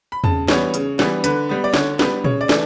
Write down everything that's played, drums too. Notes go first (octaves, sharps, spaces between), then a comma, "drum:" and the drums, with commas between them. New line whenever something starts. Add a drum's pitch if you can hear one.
B5
C#3 A5, drum: tom E2
E3 G3 B3 C#5, drum: snare
C#3, drum: hi-hat
E3 G3 B3, drum: snare
D3 B4, drum: hi-hat
G3 B3
D5
D3 C#5, drum: snare
G3 B3 B4, drum: snare
C#3 C#5, drum: tom A#2
D5
E3 A3 D4, drum: snare